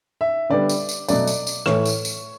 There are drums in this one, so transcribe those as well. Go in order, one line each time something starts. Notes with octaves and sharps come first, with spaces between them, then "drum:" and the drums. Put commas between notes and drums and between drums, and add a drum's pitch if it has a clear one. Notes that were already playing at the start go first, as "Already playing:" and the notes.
E5
D3 G3 B3 D5
drum: tambourine
drum: tambourine
B2 F#3 A3 D5, drum: tambourine
drum: tambourine
drum: tambourine
A2 E3 A3 C#5, drum: rim click
drum: tambourine
drum: tambourine